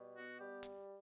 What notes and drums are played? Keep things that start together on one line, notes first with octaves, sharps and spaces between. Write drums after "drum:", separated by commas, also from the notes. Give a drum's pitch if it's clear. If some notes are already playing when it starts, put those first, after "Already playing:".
Already playing: B2 G3
B3 F#4
G3 G4
drum: hi-hat